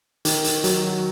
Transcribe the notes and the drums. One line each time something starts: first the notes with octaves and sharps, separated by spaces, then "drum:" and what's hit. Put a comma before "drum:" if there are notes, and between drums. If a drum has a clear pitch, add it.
D#3, drum: hi-hat
drum: hi-hat
F#3, drum: hi-hat